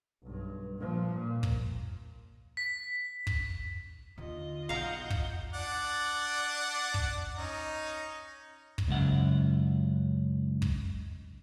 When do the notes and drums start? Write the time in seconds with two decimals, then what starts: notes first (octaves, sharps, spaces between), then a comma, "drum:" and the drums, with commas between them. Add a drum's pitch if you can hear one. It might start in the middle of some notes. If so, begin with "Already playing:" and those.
0.22 B1 G2
0.77 A#2 F3
1.12 A#2
1.43 drum: kick
2.57 B6
3.27 drum: kick
4.18 D#2 D3 F4 D#5
4.69 B1 F5 F#5 A#5 G6
5.10 drum: kick
5.54 D4 D5 F#5
6.94 drum: kick
7.37 C#4 D#4
8.78 drum: kick
8.88 C#2 F#2 F#5
10.62 drum: kick